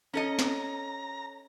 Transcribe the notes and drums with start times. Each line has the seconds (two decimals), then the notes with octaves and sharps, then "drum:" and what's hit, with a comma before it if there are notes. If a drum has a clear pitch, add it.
0.14 C#4 A4 D#5 A#5
0.39 drum: snare